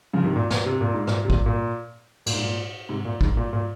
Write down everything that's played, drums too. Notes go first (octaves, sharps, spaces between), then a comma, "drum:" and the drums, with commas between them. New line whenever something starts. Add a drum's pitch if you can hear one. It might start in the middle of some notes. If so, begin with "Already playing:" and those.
C#3 F3
C3 D#3
A#2
A#2, drum: snare
C3
A#2
G#2
A#2, drum: rim click
C3
A#2, drum: kick G#1
A#2
A#2, drum: cymbal
G#2
A#2
G#2 C3
A#2
G#2, drum: kick G#1
A#2
A#2